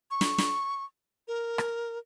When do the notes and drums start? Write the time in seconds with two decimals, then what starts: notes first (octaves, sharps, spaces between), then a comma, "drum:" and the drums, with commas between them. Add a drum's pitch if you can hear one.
0.11 C#6
0.21 drum: snare
0.38 drum: snare
1.28 A#4
1.58 drum: rim click